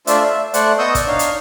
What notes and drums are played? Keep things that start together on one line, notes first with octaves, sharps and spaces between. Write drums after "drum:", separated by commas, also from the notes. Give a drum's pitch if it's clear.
A3 D4 F4 C5 D5 E5, drum: hi-hat
E5
A3 C5 D5 F#5, drum: hi-hat
B3 D#5 C#6 D#6 E6 G6
D5, drum: kick, hi-hat
D4 D#4 C#5 F5
drum: hi-hat